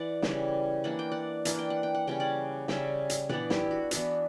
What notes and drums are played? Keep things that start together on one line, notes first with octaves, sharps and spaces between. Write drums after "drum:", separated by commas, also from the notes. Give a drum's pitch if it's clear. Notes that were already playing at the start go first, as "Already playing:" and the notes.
Already playing: E3 D5 F#5
C#3 E3 G3, drum: snare
E3 A#3 D4 F#5
G5
D5 F#5
E3 A#3 D4 F#5, drum: hi-hat
G5
F#5
G5
F#5
C#3 G3 C#4 G5
D5 F#5
C#3 G3 C#4 E5 G5, drum: snare
drum: hi-hat
E3 B3 D4 D5 F#5, drum: tom A#2
E4 G4, drum: snare
F#4
E3 B3 D4 F#4, drum: hi-hat